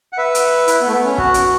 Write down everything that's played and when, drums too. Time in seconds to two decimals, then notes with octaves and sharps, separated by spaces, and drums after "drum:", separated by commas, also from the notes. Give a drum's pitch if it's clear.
0.13 F#5
0.17 B4 E5
0.35 drum: hi-hat
0.68 E4, drum: hi-hat
0.81 B3
0.87 A3
0.92 B3
1.05 C#4
1.18 F#4, drum: kick
1.34 drum: hi-hat